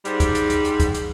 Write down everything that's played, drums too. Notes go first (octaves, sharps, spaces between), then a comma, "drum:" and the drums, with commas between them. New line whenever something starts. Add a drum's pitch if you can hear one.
G#2 G3, drum: hi-hat
drum: kick, hi-hat
drum: hi-hat
drum: hi-hat
drum: hi-hat
drum: kick, hi-hat
drum: hi-hat